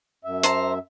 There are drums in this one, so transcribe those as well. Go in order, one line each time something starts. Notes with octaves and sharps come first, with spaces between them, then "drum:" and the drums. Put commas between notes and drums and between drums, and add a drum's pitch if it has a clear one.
F#2 E5
C5 A5 A#5, drum: hi-hat